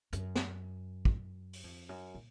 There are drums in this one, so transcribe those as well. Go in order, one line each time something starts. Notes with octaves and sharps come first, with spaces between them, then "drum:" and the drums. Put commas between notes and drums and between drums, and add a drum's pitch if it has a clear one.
F#2, drum: hi-hat
drum: snare
drum: kick
drum: open hi-hat
F2
F#2
A#2